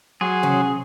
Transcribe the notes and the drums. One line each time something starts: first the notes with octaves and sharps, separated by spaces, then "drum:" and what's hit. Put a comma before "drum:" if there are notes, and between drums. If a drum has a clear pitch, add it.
F#3 G#4 C6
C#4, drum: tom C3